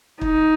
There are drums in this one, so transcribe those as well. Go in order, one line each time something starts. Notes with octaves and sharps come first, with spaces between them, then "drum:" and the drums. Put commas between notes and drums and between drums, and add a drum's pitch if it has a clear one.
D#4, drum: kick